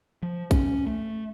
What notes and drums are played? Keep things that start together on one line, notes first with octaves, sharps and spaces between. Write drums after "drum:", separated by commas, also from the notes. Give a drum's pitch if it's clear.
F3
C#4, drum: kick, hi-hat
A3